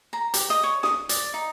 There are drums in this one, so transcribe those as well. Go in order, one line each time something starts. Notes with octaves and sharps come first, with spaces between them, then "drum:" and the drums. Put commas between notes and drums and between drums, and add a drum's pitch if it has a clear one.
A#5
G4, drum: hi-hat
D#5
C#5
D#6, drum: snare
D5, drum: hi-hat
D#4